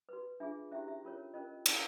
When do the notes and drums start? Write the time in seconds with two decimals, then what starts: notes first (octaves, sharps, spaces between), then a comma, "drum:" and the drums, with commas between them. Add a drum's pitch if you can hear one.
0.09 F#4 B4
0.40 D4 F4 G#4 E5
0.71 C#4 E4 G4 E5
0.88 E5
1.03 C#4 F4 A#4 C#5
1.34 C#4 F4 A#4 D#5
1.66 C#4 E4 A4 C#5 D5, drum: cymbal